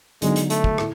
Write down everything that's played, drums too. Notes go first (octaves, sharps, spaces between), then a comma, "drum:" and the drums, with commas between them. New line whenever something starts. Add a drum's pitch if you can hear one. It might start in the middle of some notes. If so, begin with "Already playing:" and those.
D3 F#3 G#3 B3 D#4, drum: hi-hat
drum: hi-hat
A3, drum: hi-hat
drum: kick
A2, drum: rim click